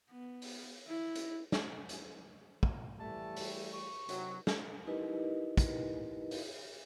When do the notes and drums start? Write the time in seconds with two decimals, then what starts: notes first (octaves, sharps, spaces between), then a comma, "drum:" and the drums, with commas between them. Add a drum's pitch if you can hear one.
0.11 B3
0.42 drum: open hi-hat
0.87 E4
1.16 drum: hi-hat
1.52 drum: snare
1.89 drum: hi-hat
2.63 drum: kick
3.00 E3 G3 A3 A5
3.37 drum: open hi-hat
3.73 C#6
4.09 C3 F#3, drum: hi-hat
4.47 drum: snare
4.87 D#4 E4 G4 A#4 B4 D#5
5.57 drum: kick, hi-hat
6.31 drum: open hi-hat